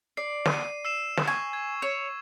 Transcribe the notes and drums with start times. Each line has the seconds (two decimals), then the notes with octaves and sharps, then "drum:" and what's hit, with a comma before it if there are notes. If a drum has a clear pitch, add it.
0.17 D5 C7
0.46 D#7, drum: snare
0.85 E6 C7 E7
1.17 drum: snare
1.28 G#5 C#6
1.53 G#6
1.82 C#5